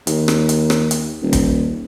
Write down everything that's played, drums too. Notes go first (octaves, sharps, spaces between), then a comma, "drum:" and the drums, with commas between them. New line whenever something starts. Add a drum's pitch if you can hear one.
D#2, drum: hi-hat
drum: rim click
drum: hi-hat
drum: rim click
drum: hi-hat
D#1
drum: kick, hi-hat